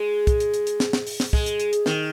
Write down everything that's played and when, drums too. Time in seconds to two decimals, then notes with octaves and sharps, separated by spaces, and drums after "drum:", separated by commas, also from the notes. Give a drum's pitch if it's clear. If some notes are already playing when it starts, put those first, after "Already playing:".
Already playing: G#3
0.27 drum: kick, hi-hat
0.40 drum: hi-hat
0.54 drum: hi-hat
0.67 drum: hi-hat
0.80 drum: snare
0.93 drum: snare
1.07 drum: open hi-hat
1.20 drum: snare
1.33 G#3, drum: kick
1.46 drum: hi-hat
1.60 drum: hi-hat
1.73 drum: hi-hat
1.86 D#3, drum: snare